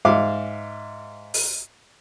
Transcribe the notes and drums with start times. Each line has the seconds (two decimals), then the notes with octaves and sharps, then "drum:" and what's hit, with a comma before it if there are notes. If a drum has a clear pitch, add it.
0.05 G#2 E5 F5 D6
1.34 drum: open hi-hat